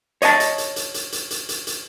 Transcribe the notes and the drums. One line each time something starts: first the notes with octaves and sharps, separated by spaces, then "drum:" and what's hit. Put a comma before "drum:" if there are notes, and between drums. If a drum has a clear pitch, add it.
C#5 D#5 E5 A5, drum: hi-hat
drum: hi-hat
drum: hi-hat
drum: hi-hat
drum: hi-hat
drum: hi-hat
drum: hi-hat
drum: hi-hat
drum: hi-hat